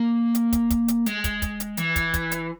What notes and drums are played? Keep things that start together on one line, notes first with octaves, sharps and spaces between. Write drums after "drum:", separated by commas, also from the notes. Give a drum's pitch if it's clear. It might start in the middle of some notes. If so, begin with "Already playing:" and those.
Already playing: A#3
drum: hi-hat
drum: kick, hi-hat
drum: kick, hi-hat
drum: hi-hat
G#3, drum: hi-hat
drum: kick, hi-hat
drum: kick, hi-hat
drum: hi-hat
E3, drum: hi-hat
drum: kick, hi-hat
drum: kick, hi-hat
drum: hi-hat